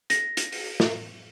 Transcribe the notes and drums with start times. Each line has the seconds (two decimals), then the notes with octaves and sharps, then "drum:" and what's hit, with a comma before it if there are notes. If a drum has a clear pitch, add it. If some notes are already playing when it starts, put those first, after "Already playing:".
0.10 A#6, drum: hi-hat
0.37 drum: hi-hat
0.52 drum: open hi-hat
0.80 drum: snare